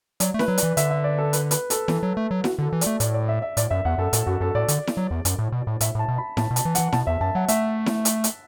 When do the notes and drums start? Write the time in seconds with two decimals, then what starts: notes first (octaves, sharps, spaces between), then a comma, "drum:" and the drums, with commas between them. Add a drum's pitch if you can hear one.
0.20 F#3 D5, drum: hi-hat
0.34 A3
0.39 B4, drum: snare E4
0.48 F#3
0.58 D5, drum: hi-hat
0.63 E3
0.77 D3 E5, drum: hi-hat
0.91 E5
1.04 D5
1.18 A4
1.33 B4, drum: hi-hat
1.51 B4, drum: hi-hat
1.70 A4, drum: hi-hat
1.88 E3 A4, drum: snare E4
2.03 F#3
2.17 A3
2.31 F#3
2.44 F#4, drum: snare E4
2.59 D3 A4
2.73 E3
2.81 D5, drum: hi-hat
2.86 A3
3.00 A2 D5, drum: hi-hat
3.14 D5
3.29 E5
3.42 E5
3.57 A2 D5, drum: hi-hat
3.70 F#2 E5
3.85 E2 F#5
3.98 F#2 A4
4.13 A2 A4, drum: hi-hat
4.26 F#2 F#4
4.41 F#2 A4
4.55 A2 D5
4.68 D3, drum: hi-hat
4.87 drum: snare E4
4.97 F#3
5.11 E2
5.25 F#2, drum: hi-hat
5.39 A2
5.52 B2
5.67 A2
5.81 A2 E5, drum: hi-hat
5.95 A2 A5
6.08 B2
6.18 B5
6.37 A2 A5, drum: snare E4
6.51 B2
6.56 A5, drum: hi-hat
6.65 E3
6.75 F#5, drum: hi-hat
6.78 E3
6.92 B2 A5, drum: snare E4
7.07 E2 E5
7.21 F#2 A5
7.35 F#3 F#5
7.48 A3 E5, drum: hi-hat
7.86 drum: snare E4
8.05 drum: hi-hat
8.24 drum: hi-hat